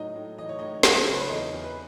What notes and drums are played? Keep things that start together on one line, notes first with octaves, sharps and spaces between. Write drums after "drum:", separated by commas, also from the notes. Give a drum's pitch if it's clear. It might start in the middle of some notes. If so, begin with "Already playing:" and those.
Already playing: A2 F#3 D#4 D#5
A2
E3 D#5
C#5
A2 D#4 D#5
F#3 E4 E5, drum: snare
A4
C#3 B4
C#5
E2 D#4 D#5
E2
B4